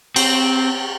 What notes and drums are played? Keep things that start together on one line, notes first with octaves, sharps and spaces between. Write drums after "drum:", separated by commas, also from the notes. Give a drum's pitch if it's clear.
C4, drum: cymbal